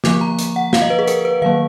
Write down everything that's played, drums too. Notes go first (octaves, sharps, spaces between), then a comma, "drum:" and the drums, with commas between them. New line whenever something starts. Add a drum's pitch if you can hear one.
D3 F3 A#3 D6, drum: snare
A#5
drum: hi-hat
F#5
F5, drum: snare
D#5
B4
G#4
A#4, drum: hi-hat
B4
D#3 F#3 A#3 F5